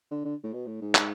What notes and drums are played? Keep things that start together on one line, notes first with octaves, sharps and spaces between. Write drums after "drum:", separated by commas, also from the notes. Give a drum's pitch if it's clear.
D3
D3
A2
B2
A2
G#2
drum: clap